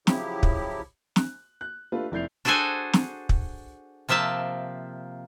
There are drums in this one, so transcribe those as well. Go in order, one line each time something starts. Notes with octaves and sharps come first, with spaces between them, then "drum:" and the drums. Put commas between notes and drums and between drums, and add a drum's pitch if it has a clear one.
C#3 F3 F#3 E4 G4, drum: snare
drum: kick
F#6, drum: snare
F#6
A3 D4 F4 G4 B4
F1 E4 D5 G6 C7 F7
D4 F#4 G#4 A4 C5 G#5
drum: snare
drum: kick
C3 F3 A#3 E5 A5